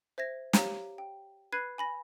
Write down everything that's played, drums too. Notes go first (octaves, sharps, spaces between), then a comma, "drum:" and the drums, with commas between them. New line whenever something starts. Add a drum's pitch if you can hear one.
C5 E5 G#6 A#6
G4 C#5 F5 A#5, drum: snare
G5
B4 B5 F#6 G#6 C7 D#7
G#5 B5 A#6